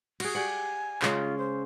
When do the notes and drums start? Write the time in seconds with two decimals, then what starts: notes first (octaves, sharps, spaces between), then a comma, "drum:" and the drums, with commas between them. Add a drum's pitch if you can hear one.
0.20 F#4 G#4, drum: cymbal
0.35 G4 D5 F#5 G#5
1.02 C#3 G#3 C#4 F4, drum: clap
1.38 C5